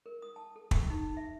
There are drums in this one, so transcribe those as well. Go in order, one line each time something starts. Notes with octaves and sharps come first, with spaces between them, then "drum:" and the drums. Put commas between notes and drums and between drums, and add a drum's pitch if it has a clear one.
A#4
D#6
A5
A4
G4, drum: kick
D#4
D#4
E5